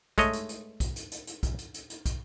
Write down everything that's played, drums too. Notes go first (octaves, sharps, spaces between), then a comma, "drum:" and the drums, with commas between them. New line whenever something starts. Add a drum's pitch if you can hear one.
G#3 A3 C#5 D#5, drum: kick, hi-hat
drum: hi-hat
drum: hi-hat
drum: kick, hi-hat
drum: hi-hat
drum: hi-hat
drum: hi-hat
drum: kick, hi-hat
drum: hi-hat
drum: hi-hat
drum: hi-hat
drum: kick, hi-hat